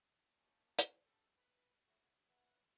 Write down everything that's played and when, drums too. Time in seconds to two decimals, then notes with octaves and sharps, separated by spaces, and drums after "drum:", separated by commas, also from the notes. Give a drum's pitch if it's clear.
0.37 A#3 C#4 D#4 G4 A5
0.79 drum: hi-hat
1.05 F#2 D3 G3 A4
1.38 B4
1.87 A2 A3 E4 F#4
2.29 B4 E5 F#5